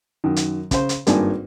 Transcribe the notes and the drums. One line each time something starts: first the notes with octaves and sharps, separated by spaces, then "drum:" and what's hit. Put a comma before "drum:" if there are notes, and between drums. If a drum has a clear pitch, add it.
F#2 D#3
drum: hi-hat
C#3 C5, drum: kick, hi-hat
drum: hi-hat
G#1 G2 A#3 D4 D#4 G#5, drum: hi-hat